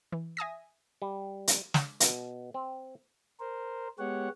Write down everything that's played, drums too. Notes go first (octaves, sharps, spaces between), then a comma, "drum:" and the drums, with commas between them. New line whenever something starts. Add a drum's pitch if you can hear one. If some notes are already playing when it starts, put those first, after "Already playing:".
E3
E5 G#5 D#6 A#6
G3
drum: hi-hat
drum: snare
B2, drum: hi-hat
C4
A#4 C5
G#3 B3 G4 C#5 F#5